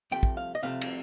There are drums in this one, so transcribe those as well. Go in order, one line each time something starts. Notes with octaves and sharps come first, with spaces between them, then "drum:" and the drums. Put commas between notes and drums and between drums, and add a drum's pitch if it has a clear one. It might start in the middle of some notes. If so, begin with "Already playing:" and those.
C2 C3 F3 A3 G5
drum: kick
F5
D#5
C2 C3 F3 A3 F5
drum: cymbal